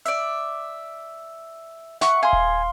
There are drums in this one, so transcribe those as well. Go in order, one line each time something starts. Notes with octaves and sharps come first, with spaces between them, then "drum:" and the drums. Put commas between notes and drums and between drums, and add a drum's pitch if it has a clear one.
D5 E5, drum: hi-hat
E5 F#5 C#6, drum: snare
G#4 F5 C6
drum: kick D#1